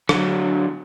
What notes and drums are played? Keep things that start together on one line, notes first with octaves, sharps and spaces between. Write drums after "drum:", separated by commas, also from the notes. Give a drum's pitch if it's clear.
D3 F#3, drum: rim click